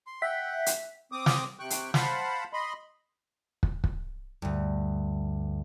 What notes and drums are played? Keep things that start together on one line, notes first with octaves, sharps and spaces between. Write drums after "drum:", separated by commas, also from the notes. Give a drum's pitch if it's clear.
C6
E5 F#5 G5 B6
drum: hi-hat
C4 D6 D#6
drum: snare
C3 G5 C#6 F#6
drum: hi-hat
C5 F5 F#5 A5 B5, drum: snare
D#5 B5 C6
drum: kick
drum: kick
D2 G2